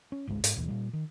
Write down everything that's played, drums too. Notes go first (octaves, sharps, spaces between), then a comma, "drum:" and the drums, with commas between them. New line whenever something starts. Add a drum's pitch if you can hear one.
C#4
G1 C#2 G#2 G#3
G#2, drum: hi-hat
G#1 D#2 B2 E3
A#2 G3
D#3